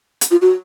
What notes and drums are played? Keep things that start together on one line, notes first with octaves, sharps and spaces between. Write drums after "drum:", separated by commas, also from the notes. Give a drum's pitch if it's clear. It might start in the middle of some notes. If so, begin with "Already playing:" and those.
drum: hi-hat
F4
F#4